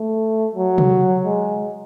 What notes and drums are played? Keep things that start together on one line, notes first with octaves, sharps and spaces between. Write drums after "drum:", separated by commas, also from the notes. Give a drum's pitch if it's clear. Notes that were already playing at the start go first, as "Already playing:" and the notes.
Already playing: A3
F#3
drum: tom C3
G#3